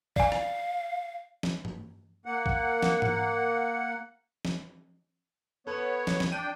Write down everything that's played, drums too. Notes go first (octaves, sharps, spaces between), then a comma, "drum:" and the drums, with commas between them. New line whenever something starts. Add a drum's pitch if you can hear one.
D5 F5 G#5, drum: kick B1
drum: rim click
drum: snare
drum: tom G2
A#3 F#5
drum: kick B1
drum: snare
drum: tom G#2
drum: snare
B3 A4 B4 C#5
drum: snare
drum: snare
D4 G5 D#7